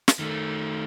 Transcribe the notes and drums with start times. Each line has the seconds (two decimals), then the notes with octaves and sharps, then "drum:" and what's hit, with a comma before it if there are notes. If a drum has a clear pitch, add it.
0.08 drum: snare
0.19 D#3 A3